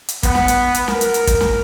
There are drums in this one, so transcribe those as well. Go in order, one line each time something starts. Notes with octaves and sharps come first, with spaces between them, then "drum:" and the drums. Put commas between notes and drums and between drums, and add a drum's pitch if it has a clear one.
drum: hi-hat
B3, drum: kick, hi-hat
drum: snare
drum: hi-hat
drum: hi-hat
A#4, drum: snare
drum: hi-hat
drum: hi-hat
drum: kick, hi-hat
drum: snare